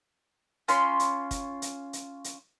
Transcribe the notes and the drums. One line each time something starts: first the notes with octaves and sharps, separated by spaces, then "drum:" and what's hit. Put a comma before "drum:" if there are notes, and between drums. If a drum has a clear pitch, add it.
C#4 F4 B5 C6, drum: hi-hat
drum: hi-hat
drum: kick, hi-hat
drum: hi-hat
drum: hi-hat
drum: hi-hat